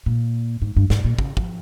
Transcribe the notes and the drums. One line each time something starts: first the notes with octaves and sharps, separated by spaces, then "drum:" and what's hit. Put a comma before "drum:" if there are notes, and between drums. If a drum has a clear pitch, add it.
A#2
G#2
G2
G#2, drum: snare
A#2
C#3, drum: kick
F3, drum: kick